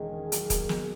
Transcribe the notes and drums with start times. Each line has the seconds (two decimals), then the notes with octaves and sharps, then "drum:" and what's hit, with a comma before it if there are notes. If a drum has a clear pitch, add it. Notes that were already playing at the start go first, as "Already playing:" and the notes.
Already playing: E1 D#3 G#3 C#4 G#4
0.13 D#3
0.32 F#3, drum: hi-hat
0.50 A#3, drum: kick D#1, hi-hat
0.69 B2, drum: snare